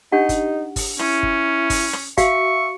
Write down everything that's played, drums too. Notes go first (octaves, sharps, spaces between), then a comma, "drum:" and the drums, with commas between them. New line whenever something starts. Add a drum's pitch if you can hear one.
D4 D#4 G4 F#5
drum: kick G1, hi-hat
drum: kick G1, open hi-hat
C#4 E4, drum: rim click
drum: kick G1
drum: kick G1, open hi-hat
drum: rim click
F#4 E5 F5 C#6, drum: kick G1, hi-hat